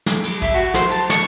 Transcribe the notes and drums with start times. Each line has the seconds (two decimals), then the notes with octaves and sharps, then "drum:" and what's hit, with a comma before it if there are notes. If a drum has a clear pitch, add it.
0.06 drum: snare
0.24 drum: cymbal
0.42 E5, drum: kick, cymbal
0.54 F#4
0.74 C5, drum: snare
0.91 A5, drum: cymbal
1.10 C#6, drum: snare